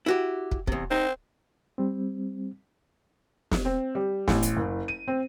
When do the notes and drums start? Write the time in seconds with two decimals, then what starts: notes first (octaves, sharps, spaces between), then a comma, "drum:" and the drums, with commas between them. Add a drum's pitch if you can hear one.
0.06 E4 F#4 G4
0.51 drum: kick
0.67 E2 C3, drum: kick
0.91 C4 D#4
1.78 G3 C4
3.51 drum: snare
3.65 C4
3.95 G3
4.28 A1, drum: snare
4.43 drum: hi-hat
4.56 F#1
4.88 D#7
5.08 C4